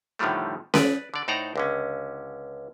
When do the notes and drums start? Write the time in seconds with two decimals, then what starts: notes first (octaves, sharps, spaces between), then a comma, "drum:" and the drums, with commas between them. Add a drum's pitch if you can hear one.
0.19 A2 D3 D#3 F3 G3 A3
0.74 B4 D5, drum: snare C#4
1.14 D3 D5
1.28 A2 D#4 C5 D5 F#5 A#5
1.56 C#2 D3 C#4